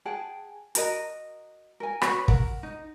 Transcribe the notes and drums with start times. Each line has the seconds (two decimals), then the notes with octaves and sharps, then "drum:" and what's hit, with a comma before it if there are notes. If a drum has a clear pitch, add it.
0.05 G#4 F#5 G5 A5
0.75 F#4 A#4 D#5 A#5, drum: hi-hat
1.80 A#4 G#5
2.02 F#4 B4 C#5, drum: rim click
2.28 A#4 F#5, drum: kick
2.63 D#4